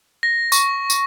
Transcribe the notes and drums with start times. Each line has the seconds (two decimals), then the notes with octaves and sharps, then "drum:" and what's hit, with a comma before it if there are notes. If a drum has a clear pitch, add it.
0.23 A#6
0.52 C#6, drum: tambourine
0.90 drum: tambourine